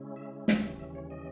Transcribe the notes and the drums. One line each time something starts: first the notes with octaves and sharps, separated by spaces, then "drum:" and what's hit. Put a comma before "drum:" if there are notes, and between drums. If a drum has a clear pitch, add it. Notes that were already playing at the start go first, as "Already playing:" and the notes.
Already playing: C#3 G#3 C#4 E4
E5
D#2 C#3 E3 G3 C#4 G5, drum: snare
E5
E5
C#5
D#5